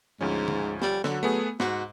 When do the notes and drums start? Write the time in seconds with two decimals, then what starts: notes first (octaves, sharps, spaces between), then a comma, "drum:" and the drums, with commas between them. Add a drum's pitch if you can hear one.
0.21 D2 G#2 F3 C#4
0.48 drum: tom D3
0.82 G3, drum: snare
1.04 D3 F#3, drum: snare
1.23 A3 B3 G#4
1.60 G#2 F#4, drum: snare